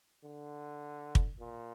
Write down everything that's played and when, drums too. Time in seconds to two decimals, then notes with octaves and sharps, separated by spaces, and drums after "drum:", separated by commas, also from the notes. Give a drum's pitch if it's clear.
0.24 D3
1.15 drum: kick
1.40 A#2